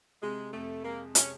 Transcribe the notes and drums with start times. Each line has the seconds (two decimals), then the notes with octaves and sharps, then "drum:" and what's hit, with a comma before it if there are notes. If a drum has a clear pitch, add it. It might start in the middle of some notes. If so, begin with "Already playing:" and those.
0.22 C3 G#3
0.53 F2 A3
0.84 G#3 A#3
1.15 C3 C#4, drum: hi-hat